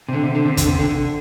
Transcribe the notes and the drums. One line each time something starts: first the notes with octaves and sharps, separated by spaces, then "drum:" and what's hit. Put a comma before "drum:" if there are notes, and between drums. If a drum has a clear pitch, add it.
C3
D3
C3
D3
C3
D3, drum: kick, hi-hat
C3
D3
D3